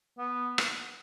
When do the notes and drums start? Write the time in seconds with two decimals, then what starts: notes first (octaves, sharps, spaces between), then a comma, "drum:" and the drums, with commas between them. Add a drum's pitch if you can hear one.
0.19 B3
0.58 drum: rim click